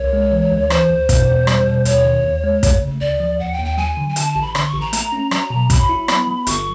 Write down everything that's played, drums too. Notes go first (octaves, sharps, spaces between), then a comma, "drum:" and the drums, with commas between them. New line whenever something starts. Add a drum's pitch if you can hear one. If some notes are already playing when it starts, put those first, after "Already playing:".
Already playing: C2 C#5
G#3
E3
D2
E3 C5, drum: rim click
D2
B2, drum: kick, hi-hat
E2
G3, drum: rim click
B2
D#2 C#5, drum: hi-hat
D#3
D#2
G#3
A3, drum: kick, hi-hat
C#3
D2 D5
F3
D#2 F#5
G5
D#2
G5
F#3 G#5
D3
G#5
D3 A5, drum: hi-hat
A5
A1
B5
D3 C6, drum: rim click
C#6
A1
A#5
A3 A#5, drum: hi-hat
C#4
F#3 A#5, drum: rim click
B2
F#3 B5, drum: kick, hi-hat
E4
B3, drum: rim click
F#3
G1 C#6, drum: hi-hat